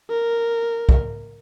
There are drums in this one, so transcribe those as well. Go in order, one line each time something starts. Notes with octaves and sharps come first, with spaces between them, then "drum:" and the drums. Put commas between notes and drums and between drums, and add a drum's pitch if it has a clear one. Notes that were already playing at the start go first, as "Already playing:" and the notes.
A#4
drum: kick